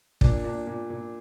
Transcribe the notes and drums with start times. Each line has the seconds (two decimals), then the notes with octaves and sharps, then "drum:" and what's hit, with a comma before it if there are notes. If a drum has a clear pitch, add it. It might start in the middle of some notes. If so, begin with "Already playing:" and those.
0.21 A#2 D4, drum: kick
0.44 A#2 D4
0.67 A#2
0.90 A#2